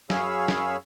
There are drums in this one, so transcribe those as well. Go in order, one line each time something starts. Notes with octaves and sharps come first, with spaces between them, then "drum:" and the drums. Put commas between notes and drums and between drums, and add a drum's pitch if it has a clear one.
F#2 G#4 C#5 F5 B5 E6, drum: snare
drum: snare